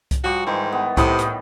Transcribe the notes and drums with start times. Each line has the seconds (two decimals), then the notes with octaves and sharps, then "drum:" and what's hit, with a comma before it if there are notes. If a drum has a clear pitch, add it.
0.11 drum: kick C2, hi-hat
0.24 F3 G3 F#4 C#6
0.47 G#2 D#3 E3 C5
0.72 B3
0.97 A2 C3 B5 D#6, drum: kick C2, hi-hat
1.19 drum: hi-hat